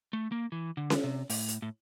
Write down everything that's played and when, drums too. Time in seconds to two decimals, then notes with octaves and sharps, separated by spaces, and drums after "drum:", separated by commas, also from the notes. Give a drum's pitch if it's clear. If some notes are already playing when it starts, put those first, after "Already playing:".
0.13 A3
0.32 A#3
0.52 E3
0.77 D3
0.90 drum: snare C#4
1.04 C3
1.30 A2, drum: open hi-hat
1.48 drum: hi-hat
1.62 A2